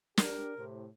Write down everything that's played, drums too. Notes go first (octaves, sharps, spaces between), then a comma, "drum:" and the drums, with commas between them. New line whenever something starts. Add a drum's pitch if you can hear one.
D4 G4 A#4, drum: snare
A2 C3